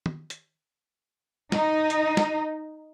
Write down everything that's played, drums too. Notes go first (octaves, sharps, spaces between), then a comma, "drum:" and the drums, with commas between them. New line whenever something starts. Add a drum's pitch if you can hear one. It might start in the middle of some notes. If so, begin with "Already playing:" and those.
drum: tom
drum: hi-hat
D#4, drum: snare
drum: hi-hat
drum: snare